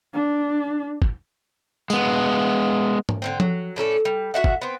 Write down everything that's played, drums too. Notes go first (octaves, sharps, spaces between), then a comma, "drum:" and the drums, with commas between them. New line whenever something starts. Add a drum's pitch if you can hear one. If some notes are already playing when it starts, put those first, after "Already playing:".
D4
drum: kick
G#3 B3, drum: tambourine
drum: tom G#2
D3 D#3 C4
F#3, drum: tom F3
A2 C#4 A4 D5
G3
F#4 G4 E5 F#5
drum: kick
B3 C4